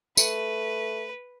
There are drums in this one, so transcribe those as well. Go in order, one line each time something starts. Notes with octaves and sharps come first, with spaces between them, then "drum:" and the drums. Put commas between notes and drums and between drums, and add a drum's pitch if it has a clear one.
A3 B4, drum: tambourine